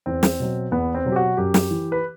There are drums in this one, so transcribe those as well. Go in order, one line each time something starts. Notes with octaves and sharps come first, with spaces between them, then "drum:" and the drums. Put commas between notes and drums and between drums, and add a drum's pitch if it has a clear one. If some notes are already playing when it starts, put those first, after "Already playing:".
E2 C4
drum: snare
B2 F#3
E2 B3
C4
B2 F#3
G4
F#4
F#2 G4
drum: snare
E3
B4